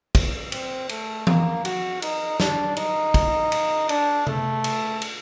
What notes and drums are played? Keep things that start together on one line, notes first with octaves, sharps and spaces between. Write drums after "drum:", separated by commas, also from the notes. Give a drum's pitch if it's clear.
drum: kick, cymbal
C4, drum: cymbal
A3, drum: cymbal
A#3, drum: tom E3
F#4, drum: cymbal
D#4, drum: cymbal
D4, drum: snare
D#4, drum: cymbal
drum: kick, cymbal
drum: cymbal
D4, drum: cymbal
A3, drum: tom C3
drum: cymbal
drum: cymbal